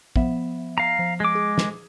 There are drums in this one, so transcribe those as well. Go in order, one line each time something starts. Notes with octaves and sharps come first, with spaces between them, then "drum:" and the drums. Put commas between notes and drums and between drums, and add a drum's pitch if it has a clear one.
F3 B3 E5, drum: kick
F5 A#5
F3
G#3 D6
G#4
drum: snare